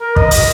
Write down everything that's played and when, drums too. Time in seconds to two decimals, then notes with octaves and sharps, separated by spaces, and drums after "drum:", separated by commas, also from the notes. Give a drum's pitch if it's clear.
0.01 A#4
0.16 D#5, drum: kick
0.31 D#5, drum: open hi-hat